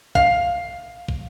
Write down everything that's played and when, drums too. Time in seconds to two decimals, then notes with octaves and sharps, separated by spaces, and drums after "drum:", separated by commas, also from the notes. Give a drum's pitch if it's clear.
0.15 F5, drum: kick
1.08 drum: kick